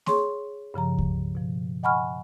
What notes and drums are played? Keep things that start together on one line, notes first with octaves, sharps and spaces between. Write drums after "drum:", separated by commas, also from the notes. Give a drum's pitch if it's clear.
G#4 C#5 C6 C#6, drum: snare A#3
G2 C#3 F3 A#5
drum: kick C#2
B2 F3
D#5 F#5 G#5 B5 C#6 F6